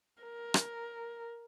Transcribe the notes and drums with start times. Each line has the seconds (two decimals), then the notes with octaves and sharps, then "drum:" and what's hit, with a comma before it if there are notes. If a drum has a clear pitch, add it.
0.23 A#4
0.54 drum: rim click